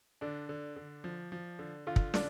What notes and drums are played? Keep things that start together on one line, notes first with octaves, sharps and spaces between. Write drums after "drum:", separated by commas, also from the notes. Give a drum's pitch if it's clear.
D3 D4
D3
D3
F3
F3
D3
D3 F4
drum: kick
D3 D4, drum: snare